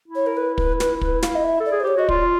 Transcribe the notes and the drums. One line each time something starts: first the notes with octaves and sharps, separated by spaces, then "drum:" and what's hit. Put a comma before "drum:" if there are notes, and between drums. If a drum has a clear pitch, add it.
E4
C#5
A#4
B4
B4, drum: kick
B4, drum: snare
B4, drum: kick
F5, drum: snare
D#5
E5
A4
D5
G#4
C5
G4 C#5
F#4 D#5
F4 D5, drum: kick